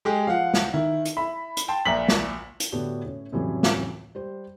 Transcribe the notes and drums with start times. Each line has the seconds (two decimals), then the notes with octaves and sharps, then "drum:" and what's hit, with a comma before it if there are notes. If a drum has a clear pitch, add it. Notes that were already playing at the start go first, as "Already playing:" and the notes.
0.05 G#3 G4 G#4
0.27 F3 F5 F#5
0.54 drum: snare
0.74 D#3 E4
1.05 drum: hi-hat
1.17 E4 E5 B5
1.57 drum: hi-hat
1.68 G5 A5 C6
1.85 A#1 A#2 E5 A#5 B6 F#7
2.08 drum: snare
2.60 drum: hi-hat
2.72 A2 D3 B3 D4 F#4 G4
3.05 A2 C#4
3.32 F2 A2 C#3 E3 F#3 G3
3.63 drum: snare
4.15 G3 C5